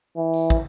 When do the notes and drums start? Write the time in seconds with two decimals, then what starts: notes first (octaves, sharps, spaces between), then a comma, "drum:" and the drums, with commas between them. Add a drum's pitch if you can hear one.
0.17 E3
0.34 drum: tambourine
0.50 drum: kick